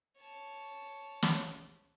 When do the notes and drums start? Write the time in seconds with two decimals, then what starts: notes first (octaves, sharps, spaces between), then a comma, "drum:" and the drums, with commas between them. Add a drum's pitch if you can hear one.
0.18 C#5 A5
1.23 drum: snare